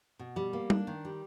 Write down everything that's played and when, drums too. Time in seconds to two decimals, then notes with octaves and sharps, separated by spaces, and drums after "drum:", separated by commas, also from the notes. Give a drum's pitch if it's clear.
0.19 B2
0.36 G3
0.53 A#3
0.70 D4, drum: tom G3
0.87 D#3
1.05 G3